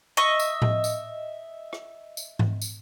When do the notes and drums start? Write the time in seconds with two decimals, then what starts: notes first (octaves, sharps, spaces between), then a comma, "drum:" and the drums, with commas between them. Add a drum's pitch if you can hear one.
0.17 D#5 E5 C#6
0.39 drum: tambourine
0.62 drum: tom A2
0.84 drum: tambourine
1.73 drum: rim click
2.17 drum: tambourine
2.39 drum: tom G#2
2.62 drum: tambourine